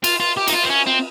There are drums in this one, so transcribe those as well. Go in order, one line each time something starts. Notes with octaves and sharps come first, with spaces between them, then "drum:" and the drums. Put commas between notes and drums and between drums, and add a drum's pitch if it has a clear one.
F4, drum: cymbal
F4
G4
D#4, drum: cymbal
F4
C4
C#4
C4